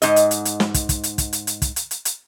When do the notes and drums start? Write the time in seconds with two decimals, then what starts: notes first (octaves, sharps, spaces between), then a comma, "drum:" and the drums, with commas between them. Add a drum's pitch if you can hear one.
0.02 G#2 D#5, drum: hi-hat
0.16 drum: hi-hat
0.31 drum: hi-hat
0.45 drum: hi-hat
0.60 drum: snare
0.74 drum: kick, hi-hat
0.89 drum: kick, hi-hat
1.03 drum: hi-hat
1.18 drum: kick, hi-hat
1.33 drum: hi-hat
1.47 drum: hi-hat
1.62 drum: kick, hi-hat
1.76 drum: hi-hat
1.91 drum: hi-hat
2.05 drum: hi-hat